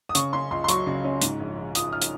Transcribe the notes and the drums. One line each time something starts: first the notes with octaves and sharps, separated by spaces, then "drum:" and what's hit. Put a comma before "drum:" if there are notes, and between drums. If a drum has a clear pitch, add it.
D#6
C#3 C#6, drum: hi-hat
C#4 C6
C#2 C6
C6
F#3 C#6, drum: hi-hat
C#3
C#4
G#2, drum: hi-hat
A#1
A#1
F3 D#6, drum: hi-hat
F6
drum: hi-hat